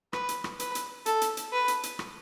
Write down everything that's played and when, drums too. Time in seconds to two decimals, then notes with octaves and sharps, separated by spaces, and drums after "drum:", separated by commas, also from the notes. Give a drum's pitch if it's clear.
0.13 B4, drum: rim click
0.29 drum: hi-hat
0.44 drum: rim click
0.60 B4, drum: hi-hat
0.75 drum: hi-hat
1.06 A4, drum: hi-hat
1.21 drum: hi-hat
1.37 drum: hi-hat
1.53 B4
1.68 drum: hi-hat
1.83 drum: hi-hat
1.99 drum: rim click